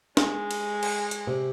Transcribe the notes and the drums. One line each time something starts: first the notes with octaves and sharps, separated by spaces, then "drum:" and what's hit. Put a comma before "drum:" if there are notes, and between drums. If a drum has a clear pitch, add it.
G#3, drum: snare
drum: cymbal
drum: cymbal
drum: hi-hat
C3